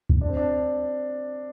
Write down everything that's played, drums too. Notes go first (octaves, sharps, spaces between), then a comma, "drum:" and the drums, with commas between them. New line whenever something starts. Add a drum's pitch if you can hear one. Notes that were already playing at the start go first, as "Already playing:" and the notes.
drum: kick
D4
C4
D4